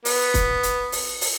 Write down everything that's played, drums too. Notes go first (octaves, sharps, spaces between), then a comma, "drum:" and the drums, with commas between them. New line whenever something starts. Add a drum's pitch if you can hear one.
B3, drum: open hi-hat
drum: kick, hi-hat
drum: hi-hat
drum: open hi-hat
drum: open hi-hat